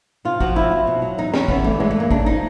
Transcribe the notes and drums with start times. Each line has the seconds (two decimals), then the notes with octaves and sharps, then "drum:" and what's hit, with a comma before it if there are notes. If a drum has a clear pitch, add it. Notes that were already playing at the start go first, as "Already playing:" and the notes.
0.25 C3 F4
0.40 F3 F#4, drum: kick
0.56 F2 E4
0.71 F2
0.87 B2
1.02 F#3
1.18 E2 D#4
1.34 E2 C#4, drum: snare
1.48 E3 B3, drum: kick
1.64 G2 A3
1.80 E3 G#3
1.91 A3
1.96 G2 A#3
2.11 C#3 D4, drum: kick
2.26 F3 D#4